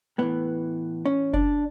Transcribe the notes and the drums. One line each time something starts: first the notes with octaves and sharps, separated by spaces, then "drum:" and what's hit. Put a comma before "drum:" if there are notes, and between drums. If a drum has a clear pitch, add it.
A2 E3 B3
C#4
D4, drum: kick F#1